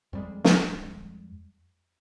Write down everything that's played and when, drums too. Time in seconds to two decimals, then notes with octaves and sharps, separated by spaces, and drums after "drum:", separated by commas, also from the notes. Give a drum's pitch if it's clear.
0.13 F2 G3 G#3
0.44 drum: snare